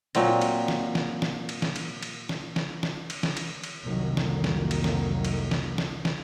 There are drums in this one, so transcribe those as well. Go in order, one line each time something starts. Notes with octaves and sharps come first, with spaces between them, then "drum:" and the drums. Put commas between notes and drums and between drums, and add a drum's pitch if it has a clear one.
A#2 F#3 C4 D#5, drum: cymbal
drum: cymbal
drum: snare
drum: snare
drum: snare
drum: cymbal
drum: snare
drum: cymbal
drum: cymbal
drum: snare
drum: snare
drum: snare
drum: cymbal
drum: snare
drum: cymbal
drum: cymbal
C2 F2 D#3 F#3 A#3
drum: snare
drum: snare
drum: cymbal
drum: snare
drum: cymbal
drum: snare
drum: snare
drum: snare